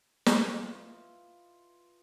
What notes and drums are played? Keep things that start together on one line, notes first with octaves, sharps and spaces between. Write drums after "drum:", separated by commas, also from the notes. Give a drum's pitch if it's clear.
F4 B4 D#5 E5, drum: snare